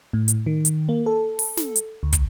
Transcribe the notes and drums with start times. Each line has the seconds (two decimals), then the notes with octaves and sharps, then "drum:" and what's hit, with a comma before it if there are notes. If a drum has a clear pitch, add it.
0.13 A2
0.28 drum: hi-hat
0.46 D#3
0.65 drum: hi-hat
0.89 A#3
1.06 A4
1.39 drum: open hi-hat
1.57 drum: snare
1.76 drum: hi-hat
2.03 D2
2.13 drum: kick, hi-hat